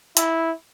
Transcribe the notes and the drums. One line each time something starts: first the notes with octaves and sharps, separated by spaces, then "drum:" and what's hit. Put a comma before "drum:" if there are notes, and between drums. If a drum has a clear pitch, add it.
E4, drum: hi-hat